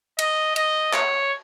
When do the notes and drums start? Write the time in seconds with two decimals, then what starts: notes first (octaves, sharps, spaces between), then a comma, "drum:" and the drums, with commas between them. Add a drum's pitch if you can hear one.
0.19 D#5, drum: cymbal
0.56 D#5, drum: cymbal
0.93 C#5, drum: clap